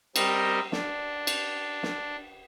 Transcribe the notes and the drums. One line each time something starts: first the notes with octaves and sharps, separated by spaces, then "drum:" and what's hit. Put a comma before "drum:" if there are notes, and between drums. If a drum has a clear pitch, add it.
G3 C4 A#4 D#5, drum: cymbal
D4, drum: snare
drum: cymbal
drum: snare